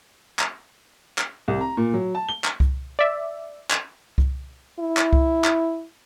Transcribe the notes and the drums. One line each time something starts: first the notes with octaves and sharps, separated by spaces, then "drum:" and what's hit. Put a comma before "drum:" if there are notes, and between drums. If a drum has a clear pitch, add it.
drum: clap
drum: clap
C2
A#5
A#2
F#3
A5
G7
drum: clap
drum: kick C2
D5 E5
drum: clap
drum: kick C2
E4
drum: clap
drum: kick C2
drum: clap